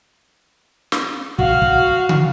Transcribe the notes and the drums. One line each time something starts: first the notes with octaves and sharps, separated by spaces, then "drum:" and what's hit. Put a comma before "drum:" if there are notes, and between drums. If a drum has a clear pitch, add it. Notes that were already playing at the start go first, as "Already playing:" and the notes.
drum: snare
F#4 F5, drum: kick
drum: kick
drum: tom C#3